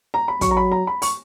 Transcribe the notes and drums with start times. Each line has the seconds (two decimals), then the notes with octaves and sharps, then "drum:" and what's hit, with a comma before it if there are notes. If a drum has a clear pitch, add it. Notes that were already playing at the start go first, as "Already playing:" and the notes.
0.14 A#5
0.28 B5
0.41 F#3 C#6, drum: kick, hi-hat
0.51 A#5
0.57 B5
0.72 A#5
0.87 B5
1.02 C#6, drum: open hi-hat